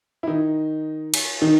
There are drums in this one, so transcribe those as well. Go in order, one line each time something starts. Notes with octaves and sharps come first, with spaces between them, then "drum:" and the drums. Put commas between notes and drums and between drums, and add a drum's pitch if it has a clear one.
E4
D#3 D#4
drum: cymbal
D#3 D#4